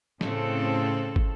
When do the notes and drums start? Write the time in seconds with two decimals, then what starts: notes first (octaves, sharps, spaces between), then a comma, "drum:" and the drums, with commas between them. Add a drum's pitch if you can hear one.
0.21 A2 C#3 C4 A4, drum: snare
1.16 drum: kick